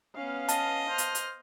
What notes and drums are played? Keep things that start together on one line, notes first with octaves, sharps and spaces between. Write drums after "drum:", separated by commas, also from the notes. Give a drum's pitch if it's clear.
B3 C#4 F5
D#5 A5, drum: hi-hat
C5 F6
drum: hi-hat
drum: hi-hat